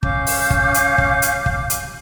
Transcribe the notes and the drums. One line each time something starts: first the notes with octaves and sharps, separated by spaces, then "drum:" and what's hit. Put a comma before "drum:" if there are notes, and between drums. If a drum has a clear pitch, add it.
C#4 F5 D6 G6, drum: kick
drum: open hi-hat
drum: kick
drum: hi-hat
drum: kick
drum: hi-hat
drum: kick
drum: hi-hat